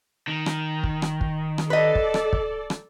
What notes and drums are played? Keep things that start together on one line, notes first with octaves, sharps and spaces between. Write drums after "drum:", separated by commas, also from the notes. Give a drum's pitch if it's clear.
D#3
drum: rim click
drum: kick
drum: rim click
drum: kick
drum: rim click
A4 B4 D5 D#5
drum: kick
drum: rim click
drum: kick
drum: rim click